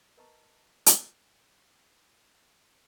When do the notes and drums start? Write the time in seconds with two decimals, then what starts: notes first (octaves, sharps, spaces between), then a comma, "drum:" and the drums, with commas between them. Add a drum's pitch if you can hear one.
0.17 A#4 B4 D#5 A5 A#5 C#6
0.86 drum: hi-hat